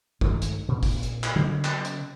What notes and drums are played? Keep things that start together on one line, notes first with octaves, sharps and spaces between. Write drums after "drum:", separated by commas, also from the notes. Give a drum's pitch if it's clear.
G2 D#3 G#3 A3, drum: kick
drum: hi-hat
A#2
drum: kick, open hi-hat
drum: hi-hat
drum: clap
C#3 F#3 A#3 B3
drum: clap
drum: hi-hat